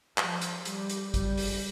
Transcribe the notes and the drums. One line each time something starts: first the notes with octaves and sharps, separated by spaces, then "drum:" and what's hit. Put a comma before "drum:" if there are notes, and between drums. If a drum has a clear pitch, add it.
F3, drum: clap
drum: hi-hat
G3, drum: hi-hat
drum: hi-hat
G3, drum: kick A1, hi-hat
drum: open hi-hat